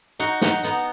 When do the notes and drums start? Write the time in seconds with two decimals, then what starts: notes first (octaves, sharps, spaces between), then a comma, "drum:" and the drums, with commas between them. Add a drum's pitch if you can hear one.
0.19 D#4 F#4
0.41 D#4 F#4, drum: snare
0.63 B3 D#4